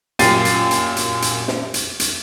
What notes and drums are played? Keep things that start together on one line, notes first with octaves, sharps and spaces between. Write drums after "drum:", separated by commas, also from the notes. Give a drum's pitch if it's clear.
F#2 A#2 G4 A6 C7 D#7, drum: hi-hat
drum: hi-hat
drum: hi-hat
drum: hi-hat
drum: hi-hat
drum: snare
drum: hi-hat
drum: hi-hat